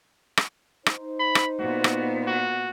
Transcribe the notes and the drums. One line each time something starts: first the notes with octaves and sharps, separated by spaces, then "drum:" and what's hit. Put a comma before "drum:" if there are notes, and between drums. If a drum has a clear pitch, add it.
drum: rim click
D#4 C5, drum: rim click
B5
drum: rim click
A#2 B3 F#4
drum: rim click
F#4